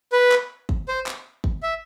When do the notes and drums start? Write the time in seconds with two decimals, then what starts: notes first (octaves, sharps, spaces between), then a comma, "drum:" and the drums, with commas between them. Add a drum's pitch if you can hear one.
0.12 B4
0.32 drum: clap
0.69 drum: kick
0.88 C5
1.06 drum: clap
1.44 drum: kick
1.63 E5